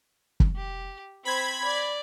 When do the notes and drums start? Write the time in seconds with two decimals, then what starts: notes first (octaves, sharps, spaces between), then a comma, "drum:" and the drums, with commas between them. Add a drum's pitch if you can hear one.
0.40 drum: kick
0.56 G4
1.25 C4 C5 B5 G#6
1.64 D5